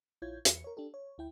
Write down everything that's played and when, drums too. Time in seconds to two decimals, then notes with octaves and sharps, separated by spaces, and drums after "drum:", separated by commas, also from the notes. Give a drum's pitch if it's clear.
0.22 A#1 E4 F4 C#5 G6 G#6
0.45 E2 C#7, drum: hi-hat
0.64 A#4 C#5
0.77 D4 G4 A4
0.94 C#5
1.18 D2 E4 G5